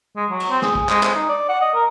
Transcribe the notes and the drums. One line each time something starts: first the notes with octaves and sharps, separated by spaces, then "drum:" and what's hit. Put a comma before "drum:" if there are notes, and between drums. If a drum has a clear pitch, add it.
G#3
F#3
drum: cymbal
C4
G#4, drum: snare
G#4, drum: kick
G#3, drum: clap
G#3, drum: clap
D#4
D5
F#5
D#5
A#4